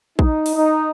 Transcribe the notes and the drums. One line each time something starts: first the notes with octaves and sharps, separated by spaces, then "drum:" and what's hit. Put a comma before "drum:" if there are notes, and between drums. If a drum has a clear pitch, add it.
D#4, drum: kick
drum: open hi-hat
D#4